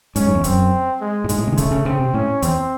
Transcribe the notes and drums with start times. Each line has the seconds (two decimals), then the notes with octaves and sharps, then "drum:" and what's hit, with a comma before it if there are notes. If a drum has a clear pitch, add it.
0.16 G#2 C#4, drum: hi-hat
0.25 F#2
0.35 E2
0.44 F#2 C4, drum: kick, hi-hat
1.01 G#3
1.24 A2
1.29 G#2 G#3, drum: hi-hat
1.38 A2
1.48 C3
1.52 D#3
1.57 C#3 A3, drum: kick, hi-hat
1.71 C#3
1.85 C#3 C4
1.99 C3
2.14 A2 C#4
2.42 E2 C4, drum: hi-hat